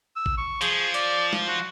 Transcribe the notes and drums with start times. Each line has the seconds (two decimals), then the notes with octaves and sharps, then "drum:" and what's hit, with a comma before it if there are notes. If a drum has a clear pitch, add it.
0.16 E6
0.26 drum: kick A1
0.38 C#6
0.61 F3 G#4, drum: hi-hat
0.94 D5, drum: hi-hat
1.33 drum: snare
1.48 F#4